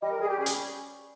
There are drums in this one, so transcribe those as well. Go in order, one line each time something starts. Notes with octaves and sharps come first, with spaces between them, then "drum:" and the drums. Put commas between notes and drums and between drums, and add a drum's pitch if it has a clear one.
G3 D#5
A#4
G3 G#4
G4
C#4 G#4
drum: hi-hat